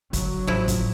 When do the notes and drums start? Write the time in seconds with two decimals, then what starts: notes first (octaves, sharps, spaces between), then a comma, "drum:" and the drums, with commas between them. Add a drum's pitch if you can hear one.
0.13 D3 F#3, drum: kick, hi-hat
0.47 A1 F3 E4
0.68 drum: kick, hi-hat